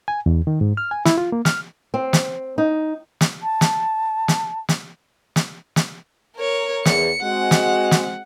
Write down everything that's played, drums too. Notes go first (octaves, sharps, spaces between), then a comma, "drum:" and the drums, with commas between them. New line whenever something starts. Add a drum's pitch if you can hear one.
G#5
E2
D#3
G#2
F6
G#5
E4, drum: snare
F4
A#3
F6, drum: snare
C4
drum: snare
D#4
drum: snare
A5
drum: snare
drum: snare
drum: snare
drum: snare
drum: snare
A#4 C#5
E2 C#7, drum: snare
G#3 C4 F#4 F#5
drum: snare
drum: snare